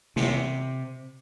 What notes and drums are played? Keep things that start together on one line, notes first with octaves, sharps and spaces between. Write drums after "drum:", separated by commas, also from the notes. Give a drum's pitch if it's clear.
C3, drum: snare